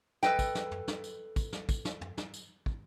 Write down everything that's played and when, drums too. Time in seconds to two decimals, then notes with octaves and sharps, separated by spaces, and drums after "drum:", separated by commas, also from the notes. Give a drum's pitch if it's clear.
0.23 A4 B4 D#5 G5, drum: snare
0.39 drum: kick, tambourine
0.55 drum: snare
0.71 drum: tom
0.88 drum: snare
1.04 drum: tambourine
1.36 drum: kick, tambourine
1.52 drum: snare
1.69 drum: kick, tambourine
1.85 drum: snare
2.01 drum: tom
2.17 drum: snare
2.34 drum: tambourine
2.66 drum: kick